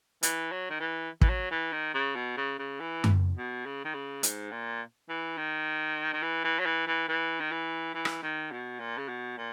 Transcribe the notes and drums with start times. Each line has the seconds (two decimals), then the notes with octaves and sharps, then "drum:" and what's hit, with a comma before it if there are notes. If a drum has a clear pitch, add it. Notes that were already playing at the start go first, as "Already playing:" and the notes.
0.23 E3, drum: hi-hat
0.52 F#3
0.70 D#3
0.80 E3
1.21 E3, drum: kick
1.30 F#3
1.51 E3
1.73 D#3
1.94 C#3
2.16 B2
2.37 C#3
2.59 C#3
2.80 E3
3.04 drum: tom F#2
3.37 B2
3.66 C#3
3.84 D#3
3.94 C#3
4.23 G#2, drum: hi-hat
4.51 A#2
5.09 E3
5.37 D#3
6.13 D#3
6.23 E3
6.44 E3
6.60 F#3
6.66 E3
6.87 E3
7.09 E3
7.40 D#3
7.52 E3
7.94 E3
8.05 drum: rim click
8.23 D#3
8.51 B2
8.80 A#2
8.98 C#3
9.09 B2
9.38 A#2